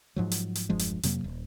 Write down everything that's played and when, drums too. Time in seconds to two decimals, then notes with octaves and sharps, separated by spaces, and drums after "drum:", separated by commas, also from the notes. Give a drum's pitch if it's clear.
0.16 G#2 F3 F#3
0.31 drum: hi-hat
0.55 drum: hi-hat
0.69 E1 G2 F3 G#3
0.79 drum: hi-hat
1.03 F2 C3 F#3 A#3, drum: hi-hat
1.24 D#1